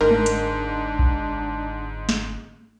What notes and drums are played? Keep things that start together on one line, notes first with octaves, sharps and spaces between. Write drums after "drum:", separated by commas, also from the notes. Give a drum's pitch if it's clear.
G1 G#2 D4 A#4
drum: tom G#3
drum: hi-hat
drum: kick A#1
drum: snare